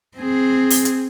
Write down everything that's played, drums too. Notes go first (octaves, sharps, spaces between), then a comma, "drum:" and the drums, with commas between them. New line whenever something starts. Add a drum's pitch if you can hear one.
C4 G#4
drum: open hi-hat
drum: hi-hat